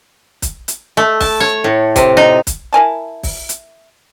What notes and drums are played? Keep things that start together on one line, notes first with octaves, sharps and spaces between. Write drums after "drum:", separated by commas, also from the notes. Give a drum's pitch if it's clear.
drum: kick, hi-hat
drum: hi-hat
A3
A5, drum: kick, open hi-hat
C#5
A2
C3, drum: kick, hi-hat
D#4
drum: kick, hi-hat
E4 A#4 G#5 A5
drum: kick, open hi-hat
drum: hi-hat